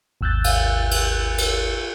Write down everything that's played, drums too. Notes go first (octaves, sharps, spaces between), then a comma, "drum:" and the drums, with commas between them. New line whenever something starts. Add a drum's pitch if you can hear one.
G#1 D#2 E6 F#6 G6 A6
drum: cymbal
drum: cymbal
drum: cymbal